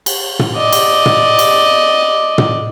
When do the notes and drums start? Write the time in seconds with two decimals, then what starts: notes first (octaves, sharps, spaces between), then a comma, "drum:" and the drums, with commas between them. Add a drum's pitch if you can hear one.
0.06 drum: cymbal
0.39 drum: tom
0.56 D5 D#5
0.72 drum: cymbal
1.06 drum: tom
1.39 drum: cymbal
2.38 drum: tom